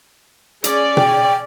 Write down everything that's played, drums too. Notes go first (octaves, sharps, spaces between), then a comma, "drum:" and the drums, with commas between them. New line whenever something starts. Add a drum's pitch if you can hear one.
C#4 G#4 D5, drum: hi-hat
G5, drum: tom B2